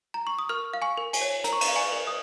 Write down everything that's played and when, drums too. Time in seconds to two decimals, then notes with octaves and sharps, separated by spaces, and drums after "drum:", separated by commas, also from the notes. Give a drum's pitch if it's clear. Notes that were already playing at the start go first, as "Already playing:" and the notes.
0.14 A#5
0.27 C#6
0.39 D#6
0.49 A#4 C#6 F6
0.73 F5
0.82 G#5 C#6
0.97 A#4
1.13 G#5, drum: cymbal
1.21 C#5
1.44 A#4 A#5, drum: hi-hat
1.53 C#6
1.61 A#5, drum: cymbal
1.68 F5
1.76 G#5 C#6
1.92 A#4
2.07 D#6